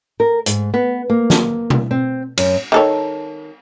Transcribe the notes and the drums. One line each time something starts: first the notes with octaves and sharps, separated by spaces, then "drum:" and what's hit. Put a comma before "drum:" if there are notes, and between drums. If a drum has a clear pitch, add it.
A#4
G#2, drum: hi-hat
B3
A#3
drum: snare
drum: tom B2
C4
F#2, drum: cymbal
D#3 A4 C#5